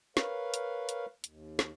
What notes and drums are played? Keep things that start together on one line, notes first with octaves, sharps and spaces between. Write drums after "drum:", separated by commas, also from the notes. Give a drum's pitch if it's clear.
A#4 B4 C#5 F5, drum: snare
drum: hi-hat
drum: hi-hat
D#2, drum: hi-hat
drum: snare